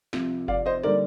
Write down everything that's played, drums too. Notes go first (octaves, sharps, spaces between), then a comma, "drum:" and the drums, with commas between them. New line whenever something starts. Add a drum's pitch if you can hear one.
C2 C3 F3, drum: snare
D5 F5, drum: kick F#1
C5 D#5
D3 G3 A#3 D#4 A#4 D5